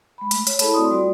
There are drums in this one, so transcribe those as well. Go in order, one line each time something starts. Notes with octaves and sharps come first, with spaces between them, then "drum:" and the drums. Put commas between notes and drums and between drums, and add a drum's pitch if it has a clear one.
G#3 B5
A3, drum: hi-hat
C#5, drum: hi-hat
E4 G#4 A4 A5 B5, drum: hi-hat
A3 C4 F#4 D5 C6 D#6
G3 F4 F#4 D5